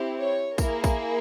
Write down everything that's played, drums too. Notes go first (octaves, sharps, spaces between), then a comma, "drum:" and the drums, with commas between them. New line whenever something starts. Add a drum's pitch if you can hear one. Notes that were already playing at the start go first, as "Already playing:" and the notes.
Already playing: C4 E4 G4
C#5
A#3 E4 G#4 A#4, drum: kick, tambourine
drum: kick, tambourine